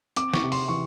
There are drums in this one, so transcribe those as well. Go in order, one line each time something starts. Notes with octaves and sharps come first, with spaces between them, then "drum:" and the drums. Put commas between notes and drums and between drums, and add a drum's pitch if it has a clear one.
C4 D6, drum: hi-hat
C#6, drum: snare
C3
C6, drum: open hi-hat
E3 C#6